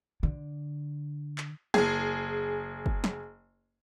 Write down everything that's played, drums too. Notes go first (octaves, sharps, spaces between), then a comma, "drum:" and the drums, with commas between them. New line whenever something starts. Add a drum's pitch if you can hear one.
D3
drum: clap
F#1 G#4, drum: snare
drum: kick
drum: snare